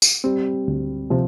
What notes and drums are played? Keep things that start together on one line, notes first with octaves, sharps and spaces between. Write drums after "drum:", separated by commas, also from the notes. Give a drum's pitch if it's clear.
drum: tambourine
G3 C4
D2
C3 F3